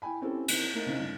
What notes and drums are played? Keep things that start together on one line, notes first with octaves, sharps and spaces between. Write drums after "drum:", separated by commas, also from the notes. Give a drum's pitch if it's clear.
E4 G5 G#5 B5
C4 C#4 E4 G4 A4
D#3 C4 E4, drum: cymbal
A3 A#3 D#4
C#3 C4 C#4 D#4 E4
G2